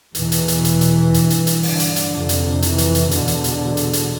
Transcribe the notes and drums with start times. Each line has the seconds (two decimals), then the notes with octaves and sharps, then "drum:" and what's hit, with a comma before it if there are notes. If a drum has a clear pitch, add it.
0.15 E2 B2 E3, drum: hi-hat
0.32 drum: hi-hat
0.48 drum: hi-hat
0.65 drum: hi-hat
0.81 drum: hi-hat
1.14 G2, drum: hi-hat
1.30 drum: hi-hat
1.47 drum: hi-hat
1.63 D3, drum: open hi-hat
1.80 drum: hi-hat
1.96 drum: hi-hat
2.13 F2 C3
2.29 drum: hi-hat
2.62 E3, drum: hi-hat
2.78 drum: hi-hat
2.95 drum: hi-hat
3.11 E2 B2 D3, drum: hi-hat
3.28 drum: hi-hat
3.44 drum: hi-hat
3.77 drum: hi-hat
3.93 drum: hi-hat